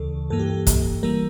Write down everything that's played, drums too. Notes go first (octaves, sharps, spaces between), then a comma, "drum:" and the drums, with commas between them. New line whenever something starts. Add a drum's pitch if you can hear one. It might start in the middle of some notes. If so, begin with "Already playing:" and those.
Already playing: D2 C#3 E3 A4
G2 E3 A#3 A4
G4
A4
drum: kick, hi-hat
E3 G3 A#3 A#4